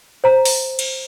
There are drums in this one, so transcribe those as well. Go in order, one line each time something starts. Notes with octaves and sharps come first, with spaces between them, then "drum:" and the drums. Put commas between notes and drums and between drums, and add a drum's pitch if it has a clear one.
C5 A#5
drum: open hi-hat
drum: cymbal